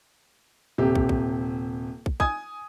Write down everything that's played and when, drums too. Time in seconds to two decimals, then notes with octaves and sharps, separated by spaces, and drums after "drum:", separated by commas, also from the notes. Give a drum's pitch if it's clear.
0.78 D#1 C3 G4
0.95 drum: kick
1.09 drum: kick
2.06 drum: kick
2.20 G#5 D#6 G#6, drum: kick